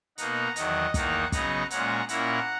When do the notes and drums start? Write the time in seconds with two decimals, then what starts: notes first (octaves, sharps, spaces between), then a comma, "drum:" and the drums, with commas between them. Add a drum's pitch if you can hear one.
0.18 B2 A#3 D#4 F#5 A#5, drum: hi-hat
0.56 E2 D#3 F#3 D#5 F#5, drum: hi-hat
0.94 E2 D#3 A#3 D#4 F#5 A#5, drum: kick, hi-hat
1.32 C#3 F#3 B3 D#4 F#5 A#5, drum: kick, hi-hat
1.70 A#2 G#3 C#4 F#5 A#5, drum: hi-hat
2.09 A#2 A#3 C#4 E4 F#5 A#5, drum: hi-hat